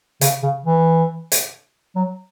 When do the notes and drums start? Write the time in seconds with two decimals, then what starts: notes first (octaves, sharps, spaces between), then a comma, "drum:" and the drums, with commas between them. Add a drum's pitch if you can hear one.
0.21 C#3, drum: hi-hat
0.43 C#3
0.65 E3
1.32 drum: hi-hat
1.96 F#3